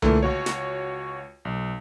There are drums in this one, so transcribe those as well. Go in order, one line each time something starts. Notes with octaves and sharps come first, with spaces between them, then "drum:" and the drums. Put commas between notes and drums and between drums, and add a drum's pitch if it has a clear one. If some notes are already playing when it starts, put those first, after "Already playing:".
D3 E3 A3 A#3 F4, drum: tom C2
C#2 F#4 C#5
drum: snare
B1